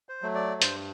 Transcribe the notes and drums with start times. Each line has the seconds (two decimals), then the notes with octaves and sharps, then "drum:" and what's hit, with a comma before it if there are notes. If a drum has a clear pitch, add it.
0.09 C5
0.22 F#3 A3
0.35 D5
0.62 G2 C5, drum: hi-hat